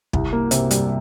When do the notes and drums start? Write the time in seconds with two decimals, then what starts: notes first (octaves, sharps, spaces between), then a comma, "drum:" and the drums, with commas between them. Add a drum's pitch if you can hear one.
0.13 C2, drum: kick
0.33 A#3
0.51 C3, drum: hi-hat
0.71 G3, drum: hi-hat